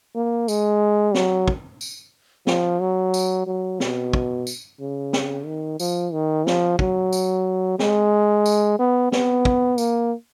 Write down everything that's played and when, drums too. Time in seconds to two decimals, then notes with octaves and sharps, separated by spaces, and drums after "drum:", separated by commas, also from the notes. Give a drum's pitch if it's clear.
0.15 A#3
0.48 G#3, drum: tambourine
1.14 F#3, drum: snare
1.48 drum: kick
1.81 drum: tambourine
2.47 F3, drum: snare
2.81 F#3
3.14 drum: tambourine
3.47 F#3
3.80 B2, drum: snare
4.13 drum: kick
4.47 drum: tambourine
4.80 C#3
5.13 drum: snare
5.46 D#3
5.80 F3, drum: tambourine
6.13 D#3
6.47 F3, drum: snare
6.79 F#3, drum: kick
7.13 drum: tambourine
7.79 G#3, drum: snare
8.46 drum: tambourine
8.79 B3
9.12 B3, drum: snare
9.45 drum: kick
9.78 A#3, drum: tambourine